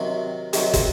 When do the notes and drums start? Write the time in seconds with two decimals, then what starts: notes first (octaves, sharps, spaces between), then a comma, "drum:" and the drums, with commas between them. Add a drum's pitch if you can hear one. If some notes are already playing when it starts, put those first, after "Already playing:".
Already playing: C3 D#3 F#3
0.53 C3 D#3 F#3, drum: hi-hat
0.73 drum: kick, hi-hat